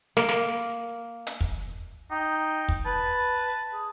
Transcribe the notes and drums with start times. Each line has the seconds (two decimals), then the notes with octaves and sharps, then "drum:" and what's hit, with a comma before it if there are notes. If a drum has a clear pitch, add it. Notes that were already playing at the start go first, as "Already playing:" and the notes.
0.17 A#3, drum: snare
0.29 drum: snare
1.27 drum: hi-hat
1.41 drum: kick
2.11 D#4 G5
2.69 drum: kick
2.85 B4 A5
3.73 G#4